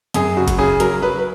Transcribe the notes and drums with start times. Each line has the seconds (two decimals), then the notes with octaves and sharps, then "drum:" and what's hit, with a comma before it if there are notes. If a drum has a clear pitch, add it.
0.14 F#2 G#4, drum: hi-hat
0.37 C#3 F#4
0.48 drum: kick G1, hi-hat
0.58 C#3 G#4
0.80 F#3 A#4, drum: hi-hat
1.02 F#3 B4
1.19 B4